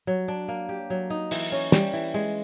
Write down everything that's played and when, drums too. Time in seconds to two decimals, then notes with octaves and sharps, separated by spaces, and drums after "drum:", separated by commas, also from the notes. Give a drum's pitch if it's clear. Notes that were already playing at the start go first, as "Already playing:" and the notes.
0.07 F#3
0.28 D4
0.48 A#3
0.69 G4
0.90 F#3
1.10 D#4
1.31 E3, drum: open hi-hat
1.52 C#4
1.72 G3, drum: snare
1.93 E3
2.14 G#3